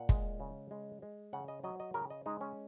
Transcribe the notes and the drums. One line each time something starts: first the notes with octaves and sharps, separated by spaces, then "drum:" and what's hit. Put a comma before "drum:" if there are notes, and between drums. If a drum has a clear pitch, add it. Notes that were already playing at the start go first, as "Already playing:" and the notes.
Already playing: A#2 F#5
G#3, drum: kick
C#3
G#3
G#3
C#3 F#5
D#5
F#3 D#5
D#5
C#3 A#4
D#5
G#3 D#4
C#4